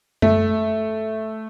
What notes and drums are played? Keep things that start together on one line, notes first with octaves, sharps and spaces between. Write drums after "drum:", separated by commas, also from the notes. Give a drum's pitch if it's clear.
A3, drum: tom F#2